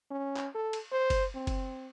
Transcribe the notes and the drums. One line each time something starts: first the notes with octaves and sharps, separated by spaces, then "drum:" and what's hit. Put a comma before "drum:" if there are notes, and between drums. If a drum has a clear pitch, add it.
C#4
drum: clap
A4
drum: cymbal
C5
drum: kick F#1, cymbal
C4
drum: kick F#1, cymbal